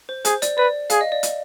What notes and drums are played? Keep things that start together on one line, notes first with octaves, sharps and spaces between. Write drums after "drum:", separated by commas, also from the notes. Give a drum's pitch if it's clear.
C5
G#4 C5, drum: hi-hat
D5, drum: hi-hat
B4 D5
G#4 F5, drum: hi-hat
D#5
D5
drum: hi-hat